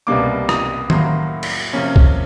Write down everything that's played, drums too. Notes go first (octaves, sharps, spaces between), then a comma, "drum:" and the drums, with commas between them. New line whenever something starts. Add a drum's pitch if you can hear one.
C2 B2 G3 A#3 D4 D6
D#6, drum: rim click
A2 F#3 A#3 C6, drum: tom D#3
drum: cymbal
C3 F3 A#3 C#4
drum: kick B1